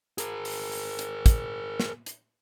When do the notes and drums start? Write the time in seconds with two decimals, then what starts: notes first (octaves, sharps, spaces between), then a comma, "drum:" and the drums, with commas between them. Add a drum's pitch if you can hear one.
0.18 G#4 A#4, drum: hi-hat
0.45 drum: open hi-hat
0.72 drum: open hi-hat
0.99 drum: hi-hat
1.26 drum: kick, hi-hat
1.80 drum: snare
2.06 drum: hi-hat